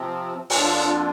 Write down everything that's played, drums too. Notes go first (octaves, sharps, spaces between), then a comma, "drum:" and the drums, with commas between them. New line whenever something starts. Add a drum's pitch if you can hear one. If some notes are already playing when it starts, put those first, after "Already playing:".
Already playing: C3 F3 C4
F2 D3 A#3 D4 F4, drum: open hi-hat